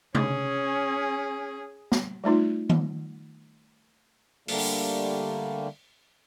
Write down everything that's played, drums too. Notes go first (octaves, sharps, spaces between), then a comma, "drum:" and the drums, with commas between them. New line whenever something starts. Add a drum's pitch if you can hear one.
C#4 G#4, drum: tom C3
drum: snare
G3 A3 D#4 F4
drum: tom D#3
D3 G3 A3 A#3, drum: open hi-hat